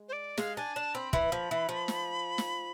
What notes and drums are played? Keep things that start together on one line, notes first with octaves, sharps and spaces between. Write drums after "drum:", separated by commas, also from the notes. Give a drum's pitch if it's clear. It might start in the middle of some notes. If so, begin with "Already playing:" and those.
Already playing: G#3
C5
D5
G#3 F5, drum: snare
D4 G#5
D4 A5
C4 B5
E3 B5, drum: kick
F3
E3
F3
drum: snare
drum: snare